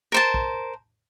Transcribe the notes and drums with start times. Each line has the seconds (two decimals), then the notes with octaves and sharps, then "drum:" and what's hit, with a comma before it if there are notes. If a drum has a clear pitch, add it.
0.12 A#4 C5 A5
0.34 drum: kick